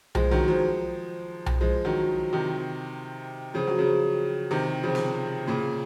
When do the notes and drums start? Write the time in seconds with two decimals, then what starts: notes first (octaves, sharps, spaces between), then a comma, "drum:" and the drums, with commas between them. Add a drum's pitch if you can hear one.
0.15 F3 G#3, drum: tom B1
0.31 D#3 F#3
0.48 F3 G#3
1.46 drum: tom B1
1.61 F3 G#3
1.85 D#3 F#3
2.33 C3 D#3
3.54 C#3 F3
3.67 F#3
3.78 C#3 F3
4.51 C3 D#3
4.83 C#3 F3
4.95 drum: snare
5.47 A#2 C#3